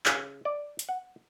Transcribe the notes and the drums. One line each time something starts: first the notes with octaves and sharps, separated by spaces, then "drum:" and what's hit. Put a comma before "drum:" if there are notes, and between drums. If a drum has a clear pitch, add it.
C#3, drum: clap
D5
drum: hi-hat
F#5